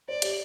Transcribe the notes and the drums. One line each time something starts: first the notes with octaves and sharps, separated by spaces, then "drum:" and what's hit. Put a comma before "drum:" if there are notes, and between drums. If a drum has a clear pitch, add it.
C5 D5
G4, drum: hi-hat